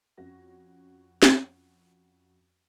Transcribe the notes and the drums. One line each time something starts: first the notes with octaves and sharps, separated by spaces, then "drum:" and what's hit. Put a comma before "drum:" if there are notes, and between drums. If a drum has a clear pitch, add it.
F2 C#4 F#4 A#6
drum: snare